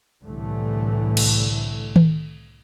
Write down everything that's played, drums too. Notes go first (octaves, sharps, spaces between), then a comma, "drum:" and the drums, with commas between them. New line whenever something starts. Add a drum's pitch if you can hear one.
C2 A2 D3 E3 A3
drum: cymbal
drum: tom D#3